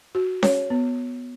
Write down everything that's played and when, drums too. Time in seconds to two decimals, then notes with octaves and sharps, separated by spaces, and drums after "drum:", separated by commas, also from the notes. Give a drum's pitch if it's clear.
0.15 F#4
0.43 C#5, drum: snare C#4
0.70 B3